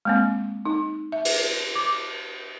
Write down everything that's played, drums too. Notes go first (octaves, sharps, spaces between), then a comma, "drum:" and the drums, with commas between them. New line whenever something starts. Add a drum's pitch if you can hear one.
G#3 A#3 C4
D#4
E5
drum: cymbal
D6